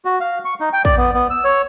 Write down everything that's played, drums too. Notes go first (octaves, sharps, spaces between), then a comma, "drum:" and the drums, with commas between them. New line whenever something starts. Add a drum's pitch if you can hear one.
F#4
F5
C#6
D#4
G5
D5, drum: kick
B3
B3
E6
C#5